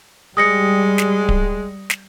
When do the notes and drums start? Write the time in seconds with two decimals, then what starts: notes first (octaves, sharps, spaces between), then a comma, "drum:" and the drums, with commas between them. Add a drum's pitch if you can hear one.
0.37 G3 G#3 D#6 A#6 C#7
0.98 drum: snare
1.29 drum: kick D1
1.90 drum: snare